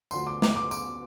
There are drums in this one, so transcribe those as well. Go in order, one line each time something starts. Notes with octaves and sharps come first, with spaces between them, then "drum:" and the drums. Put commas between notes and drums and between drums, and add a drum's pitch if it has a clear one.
D2 D3 F3 C6, drum: tambourine
D6
D6, drum: snare
D6
D6, drum: tambourine